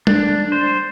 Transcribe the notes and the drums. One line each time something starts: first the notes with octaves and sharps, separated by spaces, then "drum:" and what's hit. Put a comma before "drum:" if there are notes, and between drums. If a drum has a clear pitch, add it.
D4, drum: tom G3
C5